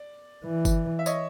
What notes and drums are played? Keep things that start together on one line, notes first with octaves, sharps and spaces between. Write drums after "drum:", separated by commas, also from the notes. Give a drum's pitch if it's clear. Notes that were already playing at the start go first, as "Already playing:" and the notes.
Already playing: D5
E3
drum: kick G1, tambourine
E5
C#5 D#5, drum: tambourine